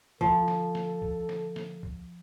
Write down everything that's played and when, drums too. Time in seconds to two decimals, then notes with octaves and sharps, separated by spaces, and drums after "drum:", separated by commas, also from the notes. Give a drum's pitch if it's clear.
0.21 F3 A4, drum: kick
0.48 drum: snare
0.75 drum: snare
1.02 drum: kick
1.29 drum: snare
1.56 drum: snare
1.83 drum: kick